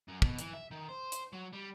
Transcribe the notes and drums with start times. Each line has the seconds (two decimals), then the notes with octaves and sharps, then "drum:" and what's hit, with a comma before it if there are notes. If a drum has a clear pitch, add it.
0.08 F#2
0.22 B2, drum: kick
0.39 E3, drum: hi-hat
0.54 E5
0.71 D#3
0.89 C5
1.12 drum: hi-hat
1.33 F#3
1.53 G3